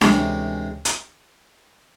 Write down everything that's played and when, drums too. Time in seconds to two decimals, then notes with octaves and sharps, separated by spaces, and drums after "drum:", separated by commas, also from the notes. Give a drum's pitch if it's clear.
0.01 D2 C3 E3 G#3 C#4, drum: snare D4
0.85 drum: hi-hat